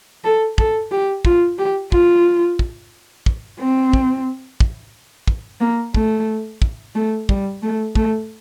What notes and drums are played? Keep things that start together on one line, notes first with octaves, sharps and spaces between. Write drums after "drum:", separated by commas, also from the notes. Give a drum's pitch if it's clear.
A4
A4, drum: kick
G4
F4, drum: kick
G4
F4, drum: kick
drum: kick
drum: kick
C4
drum: kick
drum: kick
drum: kick
A#3
A3, drum: kick
drum: kick
A3
G3, drum: kick
A3
A3, drum: kick